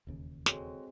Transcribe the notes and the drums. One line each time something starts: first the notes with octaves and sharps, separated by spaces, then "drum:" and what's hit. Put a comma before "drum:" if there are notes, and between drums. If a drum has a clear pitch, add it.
E1 D#2 C#3
G#3 C4 F#4 A4 C#5, drum: snare